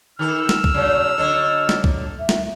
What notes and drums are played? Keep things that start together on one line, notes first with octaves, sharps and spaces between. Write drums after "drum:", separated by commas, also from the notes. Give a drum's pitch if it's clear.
D#3 A4 E6 F6
drum: snare
drum: kick C2
C#3 F#3 D5
D3 F#3 A4 D#5
drum: snare
drum: kick C2
E5
drum: snare